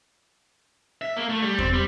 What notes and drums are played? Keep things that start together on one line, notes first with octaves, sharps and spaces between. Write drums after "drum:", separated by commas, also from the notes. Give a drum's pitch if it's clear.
E5
A#3
A3
G3
C4, drum: kick E2
G3